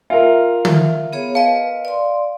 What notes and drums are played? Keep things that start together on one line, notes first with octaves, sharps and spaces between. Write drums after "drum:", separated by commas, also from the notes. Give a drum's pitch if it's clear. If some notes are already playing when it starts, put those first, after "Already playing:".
F4 A#4 E5
drum: tom
B3 G#4 C#5
B4 D#5 F5
D5 C6